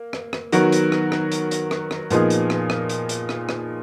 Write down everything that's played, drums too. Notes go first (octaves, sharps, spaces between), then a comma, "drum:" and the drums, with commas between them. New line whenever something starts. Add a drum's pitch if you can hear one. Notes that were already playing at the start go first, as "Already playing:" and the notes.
Already playing: A#3
drum: rim click
drum: rim click
D#3 F#3 B3 F#4 A#4, drum: hi-hat
drum: hi-hat
drum: rim click
drum: rim click
drum: hi-hat
drum: hi-hat
drum: rim click
drum: rim click
A#2 F3 B3 D#4 G#4, drum: hi-hat
drum: hi-hat
drum: rim click
drum: rim click
drum: hi-hat
drum: hi-hat
drum: rim click
drum: rim click